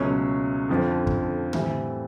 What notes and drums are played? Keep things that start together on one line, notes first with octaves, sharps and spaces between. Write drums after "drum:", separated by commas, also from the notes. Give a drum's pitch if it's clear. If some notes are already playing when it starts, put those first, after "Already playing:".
Already playing: C#2 B2 F#3 A3 C#4
F2 D3 F3
drum: kick
A2 E3 G3 C4, drum: tom D3